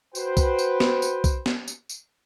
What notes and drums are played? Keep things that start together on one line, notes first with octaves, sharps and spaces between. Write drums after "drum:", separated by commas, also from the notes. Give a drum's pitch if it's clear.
F#4 B4 C5 G5, drum: tambourine
drum: kick B1, tambourine
drum: tambourine
drum: snare
drum: tambourine
drum: kick B1, tambourine
drum: snare
drum: tambourine
drum: tambourine